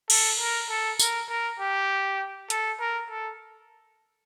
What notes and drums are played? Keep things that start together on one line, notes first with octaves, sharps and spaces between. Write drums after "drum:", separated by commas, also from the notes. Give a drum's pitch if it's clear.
A4, drum: cymbal
A#4
A4
A#4, drum: tambourine
A#4
G4
A4, drum: hi-hat
A#4
A4